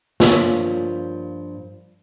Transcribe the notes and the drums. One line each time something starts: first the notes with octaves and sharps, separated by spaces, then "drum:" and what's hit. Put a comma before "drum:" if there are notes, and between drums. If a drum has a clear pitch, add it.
G2 F3 A#3 F4 C#5, drum: snare